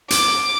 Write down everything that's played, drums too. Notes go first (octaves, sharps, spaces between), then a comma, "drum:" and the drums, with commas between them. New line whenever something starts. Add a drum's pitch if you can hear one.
D6, drum: hi-hat